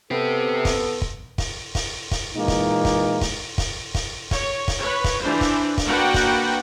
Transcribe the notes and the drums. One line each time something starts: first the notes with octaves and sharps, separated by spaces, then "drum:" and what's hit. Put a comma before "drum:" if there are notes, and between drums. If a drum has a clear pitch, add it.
B3 C4 G4 A4
drum: kick, open hi-hat
drum: kick
drum: kick, open hi-hat
drum: kick, open hi-hat
drum: kick, open hi-hat
A#2 E3 G#3 A#3 D#4
drum: kick, open hi-hat
drum: kick, open hi-hat
drum: kick, open hi-hat
drum: kick, open hi-hat
drum: kick, open hi-hat
C#5, drum: kick, open hi-hat
drum: kick, open hi-hat
B4 C#5
drum: kick, open hi-hat
E3 D4 C5
drum: kick, open hi-hat
drum: kick, open hi-hat
A#3 D4 F#4 B4 F#5 G5
drum: kick, open hi-hat